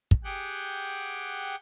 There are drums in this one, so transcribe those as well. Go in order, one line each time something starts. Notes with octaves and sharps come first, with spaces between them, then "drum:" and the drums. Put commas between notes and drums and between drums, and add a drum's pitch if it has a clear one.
drum: kick
G4 G#4 F#5 G5